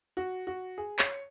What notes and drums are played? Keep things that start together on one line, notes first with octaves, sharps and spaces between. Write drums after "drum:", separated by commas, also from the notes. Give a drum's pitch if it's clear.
F#4
F#4
G#4
C#5, drum: clap